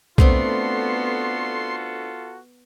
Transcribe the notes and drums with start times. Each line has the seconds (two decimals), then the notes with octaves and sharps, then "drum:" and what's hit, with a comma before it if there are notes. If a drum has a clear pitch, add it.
0.18 A3 B3 C4 D4 F4 F#4 A4 C6, drum: kick B1